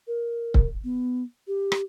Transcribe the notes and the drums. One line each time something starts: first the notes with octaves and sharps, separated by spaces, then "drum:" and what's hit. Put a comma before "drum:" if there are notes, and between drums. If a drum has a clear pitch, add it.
A#4
drum: kick C#1
B3
G4
drum: rim click